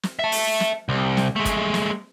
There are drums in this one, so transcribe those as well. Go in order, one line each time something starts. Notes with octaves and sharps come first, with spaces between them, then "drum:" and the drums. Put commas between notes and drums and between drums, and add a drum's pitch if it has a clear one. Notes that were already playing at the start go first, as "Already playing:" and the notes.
drum: snare
E5 A5
drum: open hi-hat
drum: snare
C2
drum: snare
G#3 A3
drum: kick, hi-hat
drum: snare